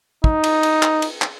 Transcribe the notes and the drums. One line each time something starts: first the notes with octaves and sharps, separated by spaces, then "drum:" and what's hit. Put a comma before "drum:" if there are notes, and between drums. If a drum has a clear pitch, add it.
D#4, drum: kick
drum: cymbal
drum: cymbal
drum: clap
drum: cymbal
drum: clap